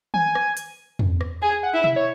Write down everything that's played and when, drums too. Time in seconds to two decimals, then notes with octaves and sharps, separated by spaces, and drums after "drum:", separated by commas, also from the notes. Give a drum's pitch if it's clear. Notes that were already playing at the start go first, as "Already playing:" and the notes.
0.14 G#5, drum: tom D#3
0.35 drum: rim click
0.57 drum: hi-hat
0.99 drum: tom
1.21 drum: rim click
1.42 G#4 G#5
1.63 F#5
1.74 E4
1.84 E5, drum: tom B2
1.96 C#5